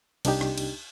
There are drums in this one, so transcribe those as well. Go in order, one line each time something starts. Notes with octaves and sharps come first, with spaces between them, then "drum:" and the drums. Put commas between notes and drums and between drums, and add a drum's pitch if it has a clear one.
C2 D4 D#4 G4, drum: cymbal
drum: rim click
drum: cymbal